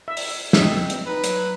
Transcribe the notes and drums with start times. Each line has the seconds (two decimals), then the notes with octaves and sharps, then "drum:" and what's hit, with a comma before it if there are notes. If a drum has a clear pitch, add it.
0.08 E5
0.17 drum: open hi-hat
0.53 C4 D#5 E5, drum: snare
0.90 drum: hi-hat
1.06 D#4 B4
1.24 F#3, drum: hi-hat